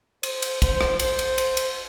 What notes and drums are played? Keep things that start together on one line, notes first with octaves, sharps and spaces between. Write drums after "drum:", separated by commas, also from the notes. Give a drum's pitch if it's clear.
C5, drum: cymbal
drum: cymbal
C5, drum: kick, cymbal
drum: rim click
C5, drum: cymbal
drum: cymbal
drum: cymbal
drum: cymbal